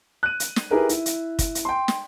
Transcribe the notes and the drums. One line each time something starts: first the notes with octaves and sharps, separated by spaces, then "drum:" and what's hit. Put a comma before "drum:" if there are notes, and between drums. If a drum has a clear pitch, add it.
F#6 D#7
drum: hi-hat
drum: snare
E4 G4 G#4 A#4 B4
E4, drum: hi-hat
drum: hi-hat
drum: kick, hi-hat
drum: hi-hat
G5 C6
drum: snare